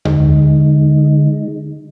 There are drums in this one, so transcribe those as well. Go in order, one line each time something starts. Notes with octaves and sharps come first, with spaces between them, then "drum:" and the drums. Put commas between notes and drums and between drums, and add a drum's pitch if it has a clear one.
D3 G#3 D#4, drum: tom D#2